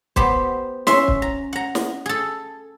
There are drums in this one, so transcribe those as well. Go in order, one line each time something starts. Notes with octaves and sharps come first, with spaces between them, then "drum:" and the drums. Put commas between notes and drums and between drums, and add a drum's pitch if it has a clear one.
B3 G4 C5, drum: kick
C#4 E5 C6, drum: snare
drum: kick
A#5
F#5 A#5
drum: snare
G#4 A4